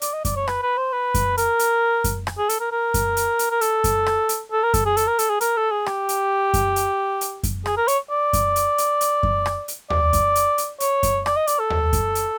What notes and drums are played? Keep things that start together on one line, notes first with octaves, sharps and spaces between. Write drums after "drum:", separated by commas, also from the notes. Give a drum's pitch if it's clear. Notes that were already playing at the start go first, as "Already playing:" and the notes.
D5, drum: hi-hat
D#5
D5, drum: kick F#2, hi-hat
C#5
B4, drum: rim click
B4
C5
B4
drum: kick F#2, hi-hat
A#4, drum: hi-hat
drum: hi-hat
drum: kick F#2, hi-hat
drum: rim click
G#4
A4, drum: hi-hat
A#4
A#4
drum: kick F#2, hi-hat
drum: hi-hat
drum: hi-hat
A#4
A4, drum: hi-hat
drum: kick F#2, hi-hat
drum: rim click
drum: hi-hat
A4
A#4
A4, drum: kick F#2, hi-hat
G#4
A4, drum: hi-hat
A#4
A4, drum: hi-hat
G#4
A#4, drum: hi-hat
A4
G#4
G4, drum: rim click
drum: hi-hat
drum: kick F#2, hi-hat
drum: hi-hat
drum: hi-hat
drum: kick F#2, hi-hat
G#4, drum: rim click
A#4
C#5, drum: hi-hat
D5
drum: kick F#2, hi-hat
drum: hi-hat
drum: hi-hat
drum: hi-hat
drum: kick F#2
drum: rim click
drum: hi-hat
D5, drum: tom D#2
drum: kick F#2, hi-hat
drum: hi-hat
drum: hi-hat
C#5, drum: hi-hat
drum: kick F#2, hi-hat
D5, drum: rim click
D#5
D5, drum: hi-hat
A4
drum: tom D#2
drum: kick F#2, hi-hat
drum: hi-hat